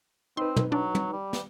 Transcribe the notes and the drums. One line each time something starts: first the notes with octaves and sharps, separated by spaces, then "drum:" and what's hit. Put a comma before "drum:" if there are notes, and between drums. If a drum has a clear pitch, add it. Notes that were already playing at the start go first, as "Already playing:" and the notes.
C4 D#4 B4 C6
drum: tom
F#3 D4
drum: tom
G3
drum: snare